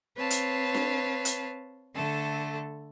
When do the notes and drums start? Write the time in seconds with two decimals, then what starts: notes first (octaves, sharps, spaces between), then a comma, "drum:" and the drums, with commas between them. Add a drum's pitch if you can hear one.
0.16 C4 B4 C#5 F5 A5
0.30 drum: hi-hat
0.75 drum: snare D4
1.25 drum: hi-hat
1.94 D3 A3 A4